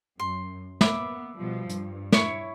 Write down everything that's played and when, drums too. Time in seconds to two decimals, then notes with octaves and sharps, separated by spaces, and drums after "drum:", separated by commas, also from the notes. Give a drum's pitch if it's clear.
0.19 F#2 C6
0.81 A#3 B3 E5 B5 D6, drum: snare
1.36 B2 F3 G3
1.70 G2, drum: hi-hat
2.12 E4 C#5 C#6, drum: snare